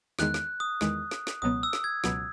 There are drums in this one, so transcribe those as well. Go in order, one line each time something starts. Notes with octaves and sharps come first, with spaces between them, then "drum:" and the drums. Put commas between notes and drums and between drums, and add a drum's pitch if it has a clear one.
E2 D#3 G#3 F#6, drum: snare
drum: snare
D#6
E2 D#3 G#3, drum: snare
drum: snare
drum: snare
C#2 B2 F#3 B3 D#6
E6
drum: snare
G#6
C#2 B2 F#3 B3, drum: snare